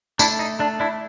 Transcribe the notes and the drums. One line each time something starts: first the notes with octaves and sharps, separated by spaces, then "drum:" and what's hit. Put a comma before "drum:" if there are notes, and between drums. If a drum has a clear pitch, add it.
A3 D4 E4, drum: tambourine
D#4
A3 D4
D4 E4